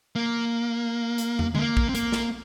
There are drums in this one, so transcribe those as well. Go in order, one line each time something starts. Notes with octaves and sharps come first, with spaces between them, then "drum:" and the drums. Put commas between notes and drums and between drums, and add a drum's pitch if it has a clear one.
A#3
drum: hi-hat
drum: tom
G#3, drum: tom D3
A#3
drum: kick
C4
A#3, drum: hi-hat
drum: snare